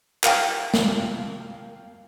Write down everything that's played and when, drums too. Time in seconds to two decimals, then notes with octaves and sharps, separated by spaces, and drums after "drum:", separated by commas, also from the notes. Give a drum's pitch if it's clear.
0.24 A#4 F5 G5, drum: clap
0.74 drum: snare